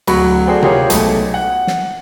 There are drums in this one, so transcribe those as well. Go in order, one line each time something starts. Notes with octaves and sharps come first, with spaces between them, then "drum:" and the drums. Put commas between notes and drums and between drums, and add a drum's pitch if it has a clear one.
D1 F#3 B5 C#6, drum: cymbal
F#4 G#4 A4 C5 D5 G5
F4 G4 G#4 A#4 C#5, drum: tom C3
B1 A3, drum: hi-hat
F#5
drum: snare